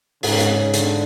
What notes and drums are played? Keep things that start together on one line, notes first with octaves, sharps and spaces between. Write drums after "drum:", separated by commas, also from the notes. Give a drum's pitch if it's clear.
G#2 C#3, drum: open hi-hat
drum: hi-hat
D3, drum: hi-hat